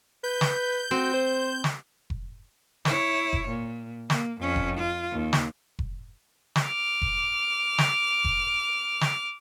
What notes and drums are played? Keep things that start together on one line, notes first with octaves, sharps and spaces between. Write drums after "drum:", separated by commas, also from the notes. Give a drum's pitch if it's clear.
B4 G6
drum: snare
C4 F#4
C5
drum: snare
drum: kick F1
E4 C#5, drum: snare
drum: kick F1
A#2
A#3, drum: snare
F2 C#4
drum: kick F1
F4
D#2
drum: snare
drum: kick F1
drum: snare
D6 F6
drum: kick F1
drum: snare
drum: kick F1
drum: snare